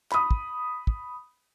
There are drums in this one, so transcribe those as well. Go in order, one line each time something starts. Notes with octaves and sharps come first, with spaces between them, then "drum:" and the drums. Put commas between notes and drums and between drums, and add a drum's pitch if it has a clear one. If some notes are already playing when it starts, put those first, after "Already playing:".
B5 D#6, drum: clap
drum: kick
drum: kick